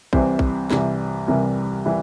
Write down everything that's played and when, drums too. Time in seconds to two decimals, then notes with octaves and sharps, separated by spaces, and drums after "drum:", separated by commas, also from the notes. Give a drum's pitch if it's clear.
0.13 C2 C3 E3 G3 C5, drum: kick A#1
0.39 drum: kick A#1
0.70 C2 C3 E3 G3, drum: snare
1.28 C2 C3 E3 G3 A#4
1.85 E3 G3 E4